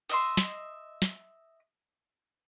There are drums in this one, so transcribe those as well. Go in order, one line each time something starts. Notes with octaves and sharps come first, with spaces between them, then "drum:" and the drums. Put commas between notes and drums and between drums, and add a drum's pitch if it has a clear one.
D#5 E5 C6, drum: open hi-hat
drum: snare
drum: snare